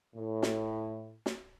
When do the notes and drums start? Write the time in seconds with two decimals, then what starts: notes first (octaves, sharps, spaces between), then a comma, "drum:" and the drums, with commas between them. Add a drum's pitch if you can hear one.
0.15 A2
0.43 drum: snare
1.26 drum: snare